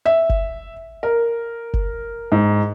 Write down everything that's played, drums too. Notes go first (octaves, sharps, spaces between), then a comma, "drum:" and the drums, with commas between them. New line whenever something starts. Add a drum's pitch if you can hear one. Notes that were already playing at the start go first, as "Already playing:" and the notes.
E5
drum: kick F#1
A#4
drum: kick F#1
G#2